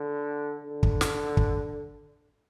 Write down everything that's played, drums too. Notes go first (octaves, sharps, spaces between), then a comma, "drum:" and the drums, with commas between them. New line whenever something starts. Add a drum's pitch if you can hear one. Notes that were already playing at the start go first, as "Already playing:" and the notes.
Already playing: D3
D3
drum: kick
drum: snare
drum: kick